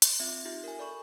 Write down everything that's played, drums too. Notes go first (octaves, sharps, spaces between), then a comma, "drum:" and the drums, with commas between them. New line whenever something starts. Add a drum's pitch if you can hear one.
drum: hi-hat
C4 F4 E5 G#6
D#4 F4 G4 E5
A#4 G#5
A4 D5 B5 C#6